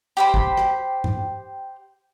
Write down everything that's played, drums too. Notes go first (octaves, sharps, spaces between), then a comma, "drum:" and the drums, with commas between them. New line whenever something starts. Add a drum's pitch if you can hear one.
G4 C5 B5
drum: kick
drum: rim click
drum: tom G2